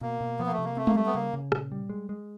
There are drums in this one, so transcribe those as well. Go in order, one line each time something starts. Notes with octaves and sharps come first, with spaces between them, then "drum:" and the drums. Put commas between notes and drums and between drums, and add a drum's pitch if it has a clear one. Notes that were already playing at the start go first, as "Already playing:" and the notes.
B2 A#3
B2
F3 B3
A#3
A3
C3
A#3
A3 C4
A#3, drum: tom G#3
G3 A3
B3
C#3 A#3
C#3
A#2, drum: rim click
G3
G#3
G#3